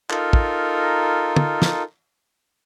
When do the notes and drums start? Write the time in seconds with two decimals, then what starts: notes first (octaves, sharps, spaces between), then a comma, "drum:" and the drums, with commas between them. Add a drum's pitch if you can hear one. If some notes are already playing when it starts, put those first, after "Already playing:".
0.10 D#4 F4 A4 A#4, drum: clap
0.33 drum: kick
1.36 drum: tom
1.62 drum: snare